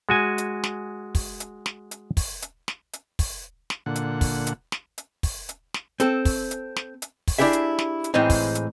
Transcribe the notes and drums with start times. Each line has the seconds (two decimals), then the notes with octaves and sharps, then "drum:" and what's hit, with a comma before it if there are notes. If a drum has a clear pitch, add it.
0.09 G#3 F#4 G#5
0.38 drum: hi-hat
0.64 drum: snare
1.15 drum: kick, open hi-hat
1.40 drum: hi-hat
1.66 drum: snare
1.91 drum: hi-hat
2.17 drum: kick, open hi-hat
2.42 drum: hi-hat
2.68 drum: snare
2.93 drum: hi-hat
3.19 drum: kick, open hi-hat
3.70 drum: snare
3.86 A#2 D3 F#5
3.96 drum: hi-hat
4.21 drum: kick, open hi-hat
4.47 drum: hi-hat
4.72 drum: snare
4.98 drum: hi-hat
5.23 drum: kick, open hi-hat
5.49 drum: hi-hat
5.74 drum: snare
6.00 C4 A4, drum: hi-hat
6.25 drum: kick, open hi-hat
6.51 drum: hi-hat
6.76 drum: snare
7.02 drum: hi-hat
7.27 drum: kick, open hi-hat
7.39 D4 E4 G4 G#4 E5
7.53 drum: hi-hat
7.79 drum: snare
8.04 drum: hi-hat
8.14 A2 E3 G#3 C4 D#4
8.30 drum: kick, open hi-hat
8.55 drum: hi-hat